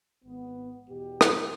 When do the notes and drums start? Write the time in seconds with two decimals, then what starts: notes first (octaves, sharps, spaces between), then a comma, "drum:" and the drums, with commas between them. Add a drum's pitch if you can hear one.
0.24 G#1 B3
0.90 E2 B2 G4
1.21 drum: rim click